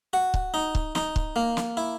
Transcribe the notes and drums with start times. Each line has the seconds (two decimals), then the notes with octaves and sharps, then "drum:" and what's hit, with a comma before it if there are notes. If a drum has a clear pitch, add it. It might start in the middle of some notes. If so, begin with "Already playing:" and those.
0.13 F#4
0.34 drum: kick C#1
0.54 D#4
0.75 drum: kick C#1
0.95 D#4, drum: snare
1.16 drum: kick C#1
1.36 A#3
1.57 drum: snare
1.77 E4